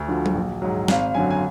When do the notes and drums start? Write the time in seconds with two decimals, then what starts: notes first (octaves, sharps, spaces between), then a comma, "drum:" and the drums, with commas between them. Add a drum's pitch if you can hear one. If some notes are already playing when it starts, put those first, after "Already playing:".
Already playing: D2 F#4
0.08 D3 F3
0.26 drum: tom F#3
0.35 A#1
0.62 G#2 F#3
0.88 G#1 F5, drum: snare
1.14 F#2 D3 F#3 G#5
1.31 G#5